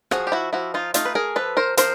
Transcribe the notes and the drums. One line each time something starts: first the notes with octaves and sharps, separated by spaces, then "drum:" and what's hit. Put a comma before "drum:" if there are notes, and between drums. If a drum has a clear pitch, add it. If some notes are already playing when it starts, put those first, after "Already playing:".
F3 F#4 G#4, drum: rim click
G4
E4 F#4
F3 E4 F#4
D#4 F4
A3 D#4 F4, drum: hi-hat
B4
G#4 A#4
F3 A4 B4
A#4 C5
F3 A#4 C5, drum: hi-hat